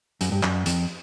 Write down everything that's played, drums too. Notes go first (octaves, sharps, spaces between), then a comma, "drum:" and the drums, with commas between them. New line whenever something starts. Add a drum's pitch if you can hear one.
F#2, drum: hi-hat
G2
F#2, drum: clap
F2, drum: hi-hat